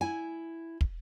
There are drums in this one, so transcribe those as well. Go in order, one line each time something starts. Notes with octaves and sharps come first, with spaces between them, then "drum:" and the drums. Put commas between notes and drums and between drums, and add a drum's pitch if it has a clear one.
E4 G#5
drum: kick